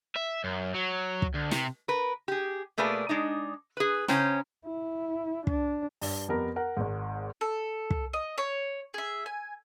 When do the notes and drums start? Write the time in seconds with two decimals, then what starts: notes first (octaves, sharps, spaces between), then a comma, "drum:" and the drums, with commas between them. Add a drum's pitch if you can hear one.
0.16 E5
0.44 F#2
0.74 F#3
1.22 drum: kick
1.35 D2
1.51 C3, drum: snare
1.88 A#4 B4
2.28 G4 G#4
2.78 B2 A3 A#3 G#4 B4 D5
3.09 G#3 D4 D#4
3.77 G#4 B4
4.08 C#3 C#4 C5 G5 A#5, drum: snare
4.66 E4
5.47 D4, drum: kick
6.01 G2, drum: open hi-hat
6.28 F2 B3 G4 A#4
6.56 A#4 F#5
6.77 G#1 G#2
7.41 A4
7.90 drum: kick
8.13 D#5
8.38 C#5
8.94 G#4 E5
9.26 G#5